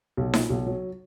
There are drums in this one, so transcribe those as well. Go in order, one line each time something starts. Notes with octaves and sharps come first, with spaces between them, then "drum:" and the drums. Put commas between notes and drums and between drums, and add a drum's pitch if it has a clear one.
B1
A#2, drum: snare D#4
B1
F#3